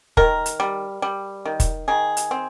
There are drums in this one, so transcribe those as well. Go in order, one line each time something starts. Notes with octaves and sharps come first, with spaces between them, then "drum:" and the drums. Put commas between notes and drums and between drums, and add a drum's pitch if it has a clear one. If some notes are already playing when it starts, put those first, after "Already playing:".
D#3 A#4, drum: kick
drum: hi-hat
G3
G3
D#3
drum: kick, hi-hat
D#3 G#4
drum: hi-hat
C4